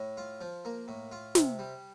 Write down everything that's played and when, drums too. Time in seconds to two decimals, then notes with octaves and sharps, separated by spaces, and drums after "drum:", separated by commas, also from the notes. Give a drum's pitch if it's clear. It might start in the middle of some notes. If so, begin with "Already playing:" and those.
Already playing: A2
0.17 F4
0.41 F3
0.65 A#3
0.88 A2
1.12 F4
1.35 C3, drum: snare
1.59 G3